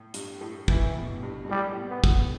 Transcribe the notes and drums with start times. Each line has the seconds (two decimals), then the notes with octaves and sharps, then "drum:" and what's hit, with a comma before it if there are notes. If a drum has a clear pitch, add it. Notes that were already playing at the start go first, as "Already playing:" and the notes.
Already playing: A2
0.14 G2, drum: hi-hat
0.41 A2
0.68 A2 E3, drum: kick
0.95 B2
1.23 G2
1.45 G2
1.49 A2 G3
1.72 A2
1.76 B2
1.89 B3
2.04 B2, drum: kick